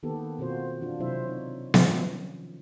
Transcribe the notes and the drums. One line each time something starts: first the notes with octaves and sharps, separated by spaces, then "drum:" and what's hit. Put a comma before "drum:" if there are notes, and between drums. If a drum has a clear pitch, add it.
D#3 A#3 B3 G4 A4
B2 C4 F4 F#4 C5
E3 D4 F4
C3 F#3 C4 E4 C5 E5
D#4 C#5
D#3 F3 F#3 C#4, drum: snare B3